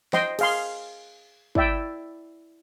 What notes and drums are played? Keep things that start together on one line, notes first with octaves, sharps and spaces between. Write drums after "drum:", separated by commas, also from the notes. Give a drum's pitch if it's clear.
C5 D#5 G5 C6, drum: snare
G#4 F5 C6, drum: cymbal
E4 D5 E5 G5, drum: kick